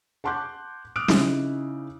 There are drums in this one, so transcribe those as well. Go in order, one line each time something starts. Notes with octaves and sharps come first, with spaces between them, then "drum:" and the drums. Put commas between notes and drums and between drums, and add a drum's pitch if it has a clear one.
F#5 A5 C6 D6 F#6 G6
D6 D#6 F6 F#6 D7
C#3 D#4 E4, drum: snare